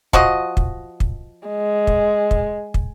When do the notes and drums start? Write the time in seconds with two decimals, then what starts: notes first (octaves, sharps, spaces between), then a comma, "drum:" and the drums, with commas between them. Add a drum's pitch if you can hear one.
0.13 F3 F#4 D#5, drum: kick
0.57 drum: kick
1.00 drum: kick
1.48 G#3
1.87 drum: kick
2.31 drum: kick
2.74 drum: kick